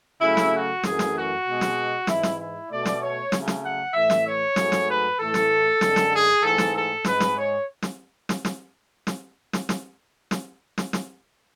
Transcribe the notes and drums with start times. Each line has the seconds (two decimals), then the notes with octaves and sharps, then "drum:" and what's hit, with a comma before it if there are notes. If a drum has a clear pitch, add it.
0.21 C#3 F#3 A3 E4
0.37 drum: snare
0.53 F#4
0.83 F#2 E3 A3 G#4, drum: snare
0.99 drum: snare
1.14 F#4
1.46 B2 G#3
1.61 drum: snare
2.07 G#2 E3 G#3 E4, drum: snare
2.23 drum: snare
2.39 E4
2.69 B2 A3 D5
2.85 drum: snare
3.01 C#5
3.32 C#3 F#3 A3, drum: snare
3.48 drum: snare
3.63 F#5
3.94 A2 E3 A3 E5
4.10 drum: snare
4.25 C#5
4.56 G#2 F#3 A3, drum: snare
4.72 drum: snare
4.87 B4
5.18 A2 E3 A3 A4
5.34 drum: snare
5.81 F#2 D3 G#3, drum: snare
5.96 drum: snare
6.12 G#4
6.42 G#2 E3 A3 A4
6.58 drum: snare
6.74 A4
7.05 G#2 G#3 B4, drum: snare
7.20 drum: snare
7.36 C#5
7.82 drum: snare
8.29 drum: snare
8.45 drum: snare
9.07 drum: snare
9.53 drum: snare
9.69 drum: snare
10.31 drum: snare
10.78 drum: snare
10.93 drum: snare